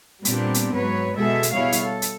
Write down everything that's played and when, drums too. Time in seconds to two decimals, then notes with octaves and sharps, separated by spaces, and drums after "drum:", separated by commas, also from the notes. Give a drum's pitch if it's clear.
0.25 A#2 G3 B3 C4 D4 G4, drum: hi-hat
0.54 drum: hi-hat
0.75 G#2 F#3 B4 C#5
1.17 B2 G#3 G#4 A4 E5
1.43 drum: hi-hat
1.53 B2 G3 E4 G#4 C#5 F5
1.72 drum: hi-hat
1.84 A4
2.02 drum: hi-hat